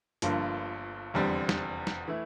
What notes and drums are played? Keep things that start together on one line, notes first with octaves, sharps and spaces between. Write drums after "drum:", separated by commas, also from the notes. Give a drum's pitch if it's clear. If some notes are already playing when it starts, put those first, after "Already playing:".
G1 G2 D3 F3 A#3, drum: hi-hat
F1 E2 D3 G3 C4
drum: snare
drum: snare
E3 A3 E4